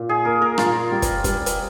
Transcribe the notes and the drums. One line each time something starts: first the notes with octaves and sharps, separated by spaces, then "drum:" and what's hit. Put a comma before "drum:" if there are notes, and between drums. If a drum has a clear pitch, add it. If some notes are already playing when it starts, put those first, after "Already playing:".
Already playing: A#2
G#4
A#3 A#4
A#4
A#2 F4, drum: rim click
G3
drum: kick, hi-hat
G3, drum: kick, hi-hat
drum: hi-hat